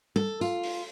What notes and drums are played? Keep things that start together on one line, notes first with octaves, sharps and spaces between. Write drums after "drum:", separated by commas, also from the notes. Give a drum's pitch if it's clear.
A4, drum: tom G3
F4, drum: tambourine
drum: open hi-hat